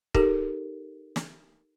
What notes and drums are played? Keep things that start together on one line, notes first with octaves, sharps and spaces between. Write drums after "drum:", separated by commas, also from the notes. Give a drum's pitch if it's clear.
D#4 G4 A4 A#4, drum: kick
drum: snare